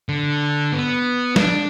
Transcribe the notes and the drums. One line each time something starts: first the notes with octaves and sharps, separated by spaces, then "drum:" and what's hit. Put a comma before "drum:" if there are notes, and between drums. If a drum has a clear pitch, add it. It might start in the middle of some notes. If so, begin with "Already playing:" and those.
D3
B3
D4, drum: snare